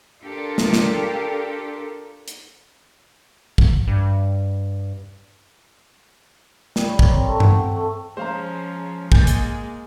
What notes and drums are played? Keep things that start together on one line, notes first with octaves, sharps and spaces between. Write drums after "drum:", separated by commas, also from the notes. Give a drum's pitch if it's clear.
D4 F4 G4 A4 A#4
drum: snare
drum: snare
drum: hi-hat
drum: kick
G2
G3, drum: snare
C#5
A#4, drum: kick
C4
A3
F#5, drum: tom G2
G5
A3
F3 G#3 C#4 C5 F5 A#5
G#3 A#3 G#5 G6 A6, drum: kick
drum: hi-hat